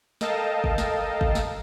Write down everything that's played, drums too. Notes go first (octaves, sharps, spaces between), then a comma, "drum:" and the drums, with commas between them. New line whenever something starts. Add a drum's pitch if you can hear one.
A4 A#4 D#5 F5 G5 A5, drum: snare
drum: kick
drum: snare
drum: kick
drum: snare